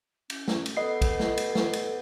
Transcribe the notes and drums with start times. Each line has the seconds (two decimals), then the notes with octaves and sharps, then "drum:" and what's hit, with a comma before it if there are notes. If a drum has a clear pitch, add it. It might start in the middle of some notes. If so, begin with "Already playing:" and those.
0.30 C#4, drum: cymbal
0.48 drum: snare
0.66 drum: cymbal
0.77 B3 A4 D#5 C7
1.01 drum: kick, cymbal
1.19 drum: snare
1.37 drum: cymbal
1.55 drum: snare
1.73 drum: cymbal